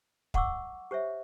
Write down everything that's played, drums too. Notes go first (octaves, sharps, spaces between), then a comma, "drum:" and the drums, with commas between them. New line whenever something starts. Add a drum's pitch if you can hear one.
D#5 F#5 C#6 D6 E6, drum: kick
G4 C5 C#5 E5